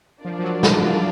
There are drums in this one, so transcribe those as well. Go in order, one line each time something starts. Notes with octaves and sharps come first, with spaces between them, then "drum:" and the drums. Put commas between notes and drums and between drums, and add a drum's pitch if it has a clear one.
F3 D4 F4 A#4 D5
F3
F#3
drum: snare
F#3